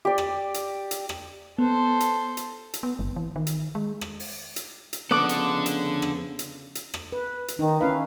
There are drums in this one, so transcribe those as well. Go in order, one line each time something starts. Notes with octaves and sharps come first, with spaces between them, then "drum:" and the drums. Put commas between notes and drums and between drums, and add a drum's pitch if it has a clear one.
G4 D5
drum: rim click
drum: hi-hat
drum: hi-hat
drum: rim click
B3 A4 C5
drum: hi-hat
drum: hi-hat
drum: hi-hat
B3
G1
E3
D#3
drum: hi-hat
G#3
drum: rim click
drum: open hi-hat
drum: hi-hat
drum: hi-hat
F2 C#3 B3 D4 A4 F#5 D6
drum: hi-hat
drum: hi-hat
drum: rim click
drum: hi-hat
drum: hi-hat
drum: rim click
B4
drum: hi-hat
D#3 D#4
C#4 E4 B4 F5